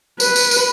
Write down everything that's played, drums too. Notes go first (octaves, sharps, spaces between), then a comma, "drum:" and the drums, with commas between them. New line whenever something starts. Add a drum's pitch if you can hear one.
B4, drum: tambourine
drum: tambourine
drum: tambourine